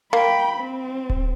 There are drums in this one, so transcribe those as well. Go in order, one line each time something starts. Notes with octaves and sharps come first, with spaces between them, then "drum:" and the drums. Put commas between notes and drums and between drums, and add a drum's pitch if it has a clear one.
A#3 G5 B5
C4
drum: kick D1